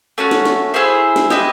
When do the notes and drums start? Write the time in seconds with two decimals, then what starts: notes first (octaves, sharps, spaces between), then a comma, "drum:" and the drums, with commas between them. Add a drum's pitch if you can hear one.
0.18 A3 C#4 F#4
0.31 drum: snare
0.45 drum: snare
0.74 E4 G#4 C5 E5
1.16 drum: snare
1.30 E4 G4 B4 D#5, drum: snare